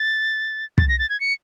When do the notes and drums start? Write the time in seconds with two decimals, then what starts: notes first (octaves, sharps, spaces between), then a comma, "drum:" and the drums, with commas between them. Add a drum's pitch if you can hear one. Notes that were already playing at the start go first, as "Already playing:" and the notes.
Already playing: A6
0.78 A6, drum: kick
0.89 A#6
0.99 A6
1.10 G#6
1.20 C#7